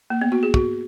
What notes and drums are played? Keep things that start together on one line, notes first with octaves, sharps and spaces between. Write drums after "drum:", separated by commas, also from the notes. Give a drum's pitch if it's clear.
A#3
B3
F#4
G#4
F#4, drum: kick